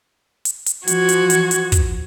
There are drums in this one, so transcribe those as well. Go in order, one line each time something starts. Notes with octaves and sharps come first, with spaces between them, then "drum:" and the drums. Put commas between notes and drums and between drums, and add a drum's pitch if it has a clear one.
drum: hi-hat
drum: hi-hat
F3 F#4 G#6, drum: hi-hat
drum: hi-hat
drum: hi-hat
drum: hi-hat
drum: kick, hi-hat